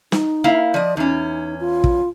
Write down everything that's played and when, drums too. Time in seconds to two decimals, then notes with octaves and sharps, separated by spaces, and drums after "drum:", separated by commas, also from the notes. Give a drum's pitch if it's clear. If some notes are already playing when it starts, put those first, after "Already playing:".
0.12 D#4, drum: snare
0.44 A#3 E4 F5
0.74 F3 D5 D#5
0.97 E2 C#4 D#4
1.60 F4
1.84 drum: kick